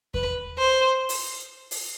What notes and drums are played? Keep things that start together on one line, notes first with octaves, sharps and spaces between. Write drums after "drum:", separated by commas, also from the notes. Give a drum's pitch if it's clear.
B4, drum: kick E2
C5
drum: open hi-hat
drum: open hi-hat